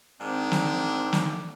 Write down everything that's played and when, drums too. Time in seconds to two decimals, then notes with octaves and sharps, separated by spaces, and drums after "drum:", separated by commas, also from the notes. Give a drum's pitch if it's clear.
0.21 G#2 D#3 C4 D4
0.52 drum: snare
1.13 drum: snare